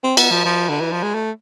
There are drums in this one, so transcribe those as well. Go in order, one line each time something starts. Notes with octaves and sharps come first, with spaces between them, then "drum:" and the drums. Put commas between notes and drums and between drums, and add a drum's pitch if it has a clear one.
C4
B3, drum: cymbal
F3
F3
D3
E3
F3
G#3
A3